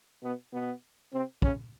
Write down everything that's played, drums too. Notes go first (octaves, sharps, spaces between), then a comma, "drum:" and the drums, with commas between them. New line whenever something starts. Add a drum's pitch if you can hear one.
B2 B3
B2 B3
C3 C4
C#3 C#4, drum: kick